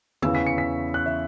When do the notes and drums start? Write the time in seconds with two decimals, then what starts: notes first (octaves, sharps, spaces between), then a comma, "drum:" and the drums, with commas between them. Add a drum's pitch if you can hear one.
0.22 E2 C#3 E3 E6, drum: tom D3
0.35 B6
0.47 C#7
0.58 B6
0.94 F#6
1.06 E5